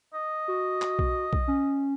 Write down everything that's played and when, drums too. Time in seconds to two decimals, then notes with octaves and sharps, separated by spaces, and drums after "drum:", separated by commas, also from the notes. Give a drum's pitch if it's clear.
0.14 D#5
0.48 F#4
0.82 drum: clap
0.99 drum: kick B1
1.33 drum: kick B1
1.48 C#4